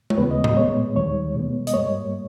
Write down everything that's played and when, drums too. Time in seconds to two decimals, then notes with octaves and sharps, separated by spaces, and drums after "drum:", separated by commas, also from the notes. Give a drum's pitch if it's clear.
0.10 C#5, drum: tom G#3
0.17 D#2 C#3 E3 G#3 B3 B4
0.31 D#5
0.44 D#5, drum: tom A2
0.57 A#2 G#3 B3 C#5
0.96 D#2 D#3 G3 C#5
1.34 B2 G#3 B3
1.67 D#5, drum: hi-hat
1.74 G#2 G3 A#3 C#5